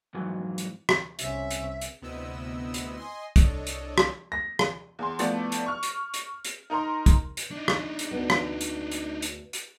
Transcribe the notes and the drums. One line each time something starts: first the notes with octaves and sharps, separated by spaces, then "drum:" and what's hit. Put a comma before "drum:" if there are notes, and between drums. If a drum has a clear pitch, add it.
F2 G#2 E3 F#3
drum: hi-hat
drum: rim click
C2 C3 C#4 E5, drum: hi-hat
drum: hi-hat
drum: hi-hat
D2 C3 B3 E4 D#5 E6
drum: hi-hat
D#5 G#5 C6
C2 D4 A4 C#5 D#5, drum: kick, hi-hat
drum: hi-hat
drum: rim click
A#6
drum: rim click
E2 C6
F3 A3 B3 E4 A4 D5, drum: hi-hat
drum: hi-hat
C#6 F6
drum: hi-hat
drum: hi-hat
drum: hi-hat
D#4 A#4 A#5 C6
drum: kick, hi-hat
drum: hi-hat
D4 D#4
drum: rim click
drum: hi-hat
D2 B3
drum: rim click
drum: hi-hat
drum: hi-hat
drum: hi-hat
drum: hi-hat